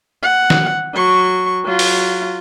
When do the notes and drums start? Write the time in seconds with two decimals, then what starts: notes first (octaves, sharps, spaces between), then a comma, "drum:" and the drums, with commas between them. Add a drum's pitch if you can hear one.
0.23 F#5
0.50 drum: snare
0.94 F#3 C#6
1.65 F#3 F4
1.79 drum: open hi-hat